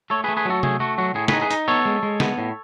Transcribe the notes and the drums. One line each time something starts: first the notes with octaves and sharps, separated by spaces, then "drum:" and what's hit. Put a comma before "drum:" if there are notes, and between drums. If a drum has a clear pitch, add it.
A3 A4 C#5
G#4 B4
A3
G#4 B4
F#3 F#4 A4
A3 G#4, drum: tom C3
A3 F#4
F#3 F#4
A2 G#4
G#4 B4, drum: snare
D#4
G#4 B4
D#4, drum: hi-hat
B3 A4 C#5
G#3
G#3
B3, drum: snare
A2